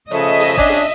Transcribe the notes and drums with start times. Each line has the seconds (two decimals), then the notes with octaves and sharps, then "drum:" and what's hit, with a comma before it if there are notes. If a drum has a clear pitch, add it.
0.11 C#3 F3 A3 D#5 E5, drum: hi-hat
0.40 drum: open hi-hat
0.57 C#4 D4, drum: kick, hi-hat
0.69 drum: open hi-hat